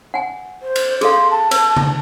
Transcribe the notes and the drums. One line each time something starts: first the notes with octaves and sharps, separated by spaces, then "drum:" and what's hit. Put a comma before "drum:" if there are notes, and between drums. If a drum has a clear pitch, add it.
F#5 G#5
C5
drum: cymbal
G#4 A4 F5 C6, drum: cymbal
A5
B4, drum: cymbal
drum: tom C#3